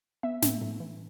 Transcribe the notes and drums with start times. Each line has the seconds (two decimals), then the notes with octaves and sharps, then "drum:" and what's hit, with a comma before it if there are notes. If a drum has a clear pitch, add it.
0.23 B3 E5
0.42 A2, drum: snare
0.61 A2
0.80 E3